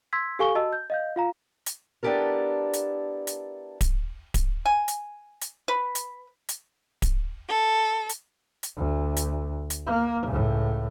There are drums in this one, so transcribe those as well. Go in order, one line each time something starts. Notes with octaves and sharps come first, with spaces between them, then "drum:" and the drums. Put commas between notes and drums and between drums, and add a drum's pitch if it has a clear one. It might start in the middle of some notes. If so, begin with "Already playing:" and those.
C6 E6 G#6 B6
G4 A4 F5 G#5 C#6 G7
F#4 D#5 A5 E6
G6
D#5 F5 G6
F4 F5 A#5
drum: hi-hat
B3 D4 E4 G4 A4 A#4
drum: hi-hat
drum: hi-hat
drum: kick D1, hi-hat
drum: kick D1, hi-hat
G#5
drum: hi-hat
drum: hi-hat
B4
drum: hi-hat
drum: hi-hat
drum: kick D1, hi-hat
A4
drum: hi-hat
drum: hi-hat
D2
drum: hi-hat
drum: hi-hat
A#3
C#2 A2